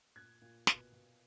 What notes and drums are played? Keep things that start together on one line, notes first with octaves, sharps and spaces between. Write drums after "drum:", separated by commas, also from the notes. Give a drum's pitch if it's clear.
A#2 F#6 G#6
A#2
B2, drum: snare
B2